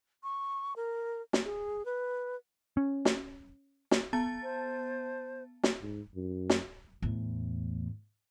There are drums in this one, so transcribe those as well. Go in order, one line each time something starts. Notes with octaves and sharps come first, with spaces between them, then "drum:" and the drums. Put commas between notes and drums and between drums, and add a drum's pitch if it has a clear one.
C#6
A#4
drum: snare
G#4
B4
C#4
drum: snare
drum: snare
B3 A5 A6
C5
drum: snare
G#2
F#2
drum: snare
E2 A2